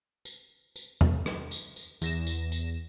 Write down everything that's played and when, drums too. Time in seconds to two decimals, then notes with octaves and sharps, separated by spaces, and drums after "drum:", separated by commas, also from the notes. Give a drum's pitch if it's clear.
0.25 drum: tambourine
0.76 drum: tambourine
1.01 drum: tom E2
1.26 drum: rim click
1.51 drum: tambourine
1.76 drum: tambourine
2.02 E2 A#6 E7, drum: tambourine
2.27 drum: tambourine
2.52 drum: tambourine